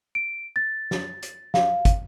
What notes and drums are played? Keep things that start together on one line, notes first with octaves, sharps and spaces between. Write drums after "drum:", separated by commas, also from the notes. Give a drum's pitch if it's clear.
D7
A6
drum: snare
drum: hi-hat
F5, drum: snare
drum: kick, hi-hat